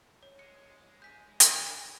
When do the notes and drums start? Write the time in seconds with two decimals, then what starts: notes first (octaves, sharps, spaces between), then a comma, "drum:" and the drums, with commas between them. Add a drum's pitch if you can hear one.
0.23 C#5
0.39 G#3 C#7
1.02 G#5 G6 B6
1.40 drum: hi-hat